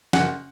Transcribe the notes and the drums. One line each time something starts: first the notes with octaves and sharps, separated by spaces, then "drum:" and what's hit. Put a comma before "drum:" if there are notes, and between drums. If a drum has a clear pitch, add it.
F#1 F#5, drum: snare